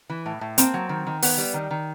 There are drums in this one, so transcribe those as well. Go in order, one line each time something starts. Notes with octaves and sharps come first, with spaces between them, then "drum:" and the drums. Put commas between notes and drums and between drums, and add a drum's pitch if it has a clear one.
E3
A2
A2
A#3 C4, drum: hi-hat
F#3
D#3
D#3
B3, drum: open hi-hat
G3
D#3
D#3